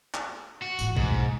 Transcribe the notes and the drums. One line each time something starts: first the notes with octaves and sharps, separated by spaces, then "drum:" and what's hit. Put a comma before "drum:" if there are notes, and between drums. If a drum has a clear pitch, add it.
drum: clap
F#4
A2 E3, drum: tambourine
G#2 B2, drum: kick A1